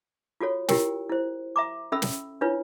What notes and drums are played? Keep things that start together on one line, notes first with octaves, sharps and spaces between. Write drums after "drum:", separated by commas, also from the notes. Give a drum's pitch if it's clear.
F4 F#4 A4 C#5
E4 F4 G4 A#4 G5, drum: snare
E4 C5
E5 A#5 D6
C#4 A4 E5 B5 E6
drum: snare
D4 E4 F4 B4 C#5